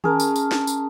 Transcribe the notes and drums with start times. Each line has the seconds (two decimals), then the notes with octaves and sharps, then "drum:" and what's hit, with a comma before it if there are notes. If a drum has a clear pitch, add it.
0.04 C#4 G#4 A#4 A5, drum: tom D#3
0.20 drum: tambourine
0.36 drum: tambourine
0.52 drum: snare
0.67 drum: tambourine